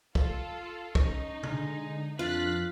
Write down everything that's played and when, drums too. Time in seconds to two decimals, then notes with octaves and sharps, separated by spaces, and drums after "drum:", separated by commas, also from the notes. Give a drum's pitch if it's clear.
0.15 F4 A4, drum: kick
0.95 C#4 D#4 D#5 C#6, drum: kick
1.43 D3 G#3, drum: tom B2
2.19 F2 D4 F4 B4 F#6 A6 B6